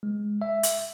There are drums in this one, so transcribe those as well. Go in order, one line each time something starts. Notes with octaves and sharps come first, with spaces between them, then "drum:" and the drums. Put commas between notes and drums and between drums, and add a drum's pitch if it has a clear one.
G#3
E5
drum: hi-hat